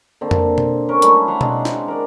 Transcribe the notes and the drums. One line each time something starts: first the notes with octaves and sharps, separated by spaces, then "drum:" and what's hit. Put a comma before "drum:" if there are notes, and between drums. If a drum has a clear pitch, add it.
D3 A#3 C4
drum: tom F2
drum: tom B2
C#4 A#4
F#3 G3 A3 E4, drum: hi-hat
E5 F#5 A#5 C6
C#3 G#3 C4 D4, drum: tom B2
drum: snare
A#4 D5